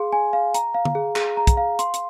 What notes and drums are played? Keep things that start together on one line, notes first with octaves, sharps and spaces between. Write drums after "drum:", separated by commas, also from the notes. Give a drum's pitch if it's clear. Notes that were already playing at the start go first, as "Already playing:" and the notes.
Already playing: G#4 F5 C6
G#5
F5
A#5, drum: hi-hat
F5
drum: tom
G#4
G#4, drum: clap
A#5
drum: kick, hi-hat
F5
C6, drum: hi-hat
drum: hi-hat